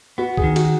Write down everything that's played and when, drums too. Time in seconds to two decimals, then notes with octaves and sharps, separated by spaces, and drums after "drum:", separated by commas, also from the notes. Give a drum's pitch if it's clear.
0.18 B3 F#4
0.37 G#4, drum: kick
0.44 D#3
0.56 F#4, drum: cymbal